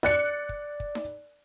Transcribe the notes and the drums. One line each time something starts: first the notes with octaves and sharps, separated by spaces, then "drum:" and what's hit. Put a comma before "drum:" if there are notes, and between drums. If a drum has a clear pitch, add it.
D5 F#6 C#7, drum: snare D#4
drum: kick
drum: kick
drum: snare D#4